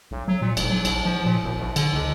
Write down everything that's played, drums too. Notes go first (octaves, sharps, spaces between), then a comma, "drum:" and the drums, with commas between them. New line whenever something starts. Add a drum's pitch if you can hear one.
B1
F#3
A#2
F#1, drum: cymbal
F#3
A#1, drum: cymbal
F3
A#2
G#1
A#1
D3, drum: cymbal
C#2